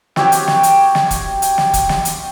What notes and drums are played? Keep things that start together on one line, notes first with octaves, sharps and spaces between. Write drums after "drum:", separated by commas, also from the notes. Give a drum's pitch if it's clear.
C4 F#4 G4 C#5, drum: snare
drum: hi-hat
drum: snare
drum: hi-hat
drum: snare
drum: kick, hi-hat
drum: hi-hat
drum: snare
drum: kick, hi-hat
drum: snare
drum: hi-hat